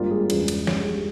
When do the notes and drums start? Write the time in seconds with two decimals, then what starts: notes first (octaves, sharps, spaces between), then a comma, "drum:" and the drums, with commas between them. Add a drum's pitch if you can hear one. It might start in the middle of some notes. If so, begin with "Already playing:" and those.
Already playing: G#1 G2 G3 A#3 F4
0.11 G#4
0.30 E1 E2 C#3, drum: cymbal
0.48 drum: cymbal
0.67 G1 G2 G3 C#5, drum: snare
0.80 G#4
0.92 G4